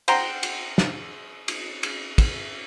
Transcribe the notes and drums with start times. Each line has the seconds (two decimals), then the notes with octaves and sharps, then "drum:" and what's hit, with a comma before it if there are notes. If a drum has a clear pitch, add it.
0.08 C5 F#5 G5 A#5 C6, drum: cymbal
0.43 drum: cymbal
0.78 drum: snare
1.48 drum: cymbal
1.83 drum: cymbal
2.18 drum: kick, cymbal